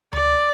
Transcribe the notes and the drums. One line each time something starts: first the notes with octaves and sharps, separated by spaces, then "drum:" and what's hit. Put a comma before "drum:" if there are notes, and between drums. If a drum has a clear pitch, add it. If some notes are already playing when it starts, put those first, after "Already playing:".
D5, drum: tom D2